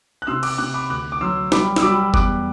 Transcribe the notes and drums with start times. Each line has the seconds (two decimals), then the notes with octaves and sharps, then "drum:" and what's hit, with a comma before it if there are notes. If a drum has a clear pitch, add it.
0.22 F#6
0.27 C3 C6 E6
0.43 D6 F#6, drum: cymbal
0.58 C3 D6 F#6
0.74 B5 D6
0.90 D2 D6 F#6
1.12 D6
1.21 F#3 C6 E6
1.52 G3 B5 D6, drum: snare
1.76 E6, drum: snare
1.82 G3 B5 D6
2.14 E2 D6 F#6, drum: kick F1